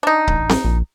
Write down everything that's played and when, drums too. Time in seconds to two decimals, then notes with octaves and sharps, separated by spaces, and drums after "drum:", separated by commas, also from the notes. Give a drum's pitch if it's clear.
0.03 D4 D#4
0.27 A1, drum: kick C#1
0.49 drum: snare C4
0.64 A#1